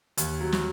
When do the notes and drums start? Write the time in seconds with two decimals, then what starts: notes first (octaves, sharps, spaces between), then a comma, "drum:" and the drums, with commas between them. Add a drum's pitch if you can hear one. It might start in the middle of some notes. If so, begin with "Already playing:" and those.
0.18 D#2, drum: hi-hat
0.41 F#3
0.52 drum: snare